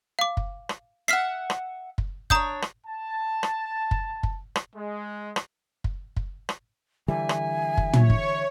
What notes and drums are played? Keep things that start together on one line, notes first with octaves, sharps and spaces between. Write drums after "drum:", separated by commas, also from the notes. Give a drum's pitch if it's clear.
F5 D6
drum: kick
drum: rim click
E5 F#5 F6 B6 C7
drum: rim click
drum: kick
D4 C5 C#5 A#5 D#6 G6, drum: kick
drum: rim click
A5
drum: rim click
drum: kick
drum: kick
drum: rim click
G#3
drum: rim click
drum: kick
drum: kick
drum: rim click
D3 E3 G3 E5 G#5
drum: rim click
drum: kick
C#5, drum: tom
drum: kick